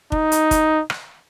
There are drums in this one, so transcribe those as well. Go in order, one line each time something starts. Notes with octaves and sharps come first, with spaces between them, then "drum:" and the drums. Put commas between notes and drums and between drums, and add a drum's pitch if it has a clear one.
D#4, drum: kick
drum: hi-hat
drum: kick, hi-hat
drum: rim click